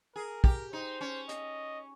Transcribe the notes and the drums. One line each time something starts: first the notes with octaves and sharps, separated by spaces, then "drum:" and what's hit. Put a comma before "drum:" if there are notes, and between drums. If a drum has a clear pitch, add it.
G#4 A#4
G4, drum: kick
D#4 C5
C#4
D#5, drum: hi-hat